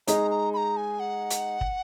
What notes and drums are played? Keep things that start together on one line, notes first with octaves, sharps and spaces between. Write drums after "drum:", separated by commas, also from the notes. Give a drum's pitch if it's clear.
G#3 D#4 G#4 A#5, drum: hi-hat
A#5
B5
A#5
G#5
F#5
drum: hi-hat
drum: kick